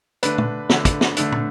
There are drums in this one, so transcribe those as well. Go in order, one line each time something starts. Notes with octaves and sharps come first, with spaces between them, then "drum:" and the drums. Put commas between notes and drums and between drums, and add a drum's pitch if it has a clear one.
D3 A3 D4 B4, drum: hi-hat
drum: tom
D3 A3 D4, drum: snare
drum: kick, hi-hat
drum: snare
D3 A3 D4, drum: hi-hat
drum: tom